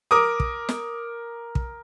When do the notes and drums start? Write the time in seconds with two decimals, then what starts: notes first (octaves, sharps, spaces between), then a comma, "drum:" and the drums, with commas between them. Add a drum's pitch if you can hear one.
0.11 A#4 D6 D#6
0.40 drum: kick
0.69 drum: snare
1.55 drum: kick